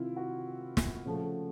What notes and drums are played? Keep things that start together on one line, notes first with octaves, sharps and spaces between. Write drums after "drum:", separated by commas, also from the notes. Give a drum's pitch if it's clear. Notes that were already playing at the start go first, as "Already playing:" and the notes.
Already playing: C3 D#3 C4 E4 F4
F#4
drum: snare
C#3 F3 A3